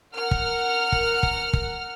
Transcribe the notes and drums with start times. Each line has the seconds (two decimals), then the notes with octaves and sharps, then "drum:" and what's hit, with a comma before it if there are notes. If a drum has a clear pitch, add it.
0.16 A#4 F#5 F6
0.31 drum: kick
0.92 drum: kick
1.23 drum: kick
1.53 drum: kick